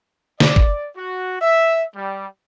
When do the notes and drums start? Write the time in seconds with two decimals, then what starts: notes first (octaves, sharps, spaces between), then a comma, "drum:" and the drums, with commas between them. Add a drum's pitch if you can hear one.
0.40 D5, drum: snare
0.56 drum: kick
0.96 F#4
1.41 E5
1.95 G3